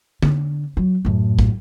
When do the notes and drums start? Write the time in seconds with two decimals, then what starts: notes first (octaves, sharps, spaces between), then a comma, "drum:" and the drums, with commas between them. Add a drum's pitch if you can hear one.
0.22 D3, drum: tom D3
0.77 F#3
1.05 F#2 A2
1.39 drum: kick